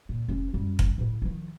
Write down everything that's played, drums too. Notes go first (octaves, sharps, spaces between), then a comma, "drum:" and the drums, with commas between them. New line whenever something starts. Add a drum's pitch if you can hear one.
A#2
F1 C#4
F#2 G3
drum: kick
A2 C#3
D#3 F3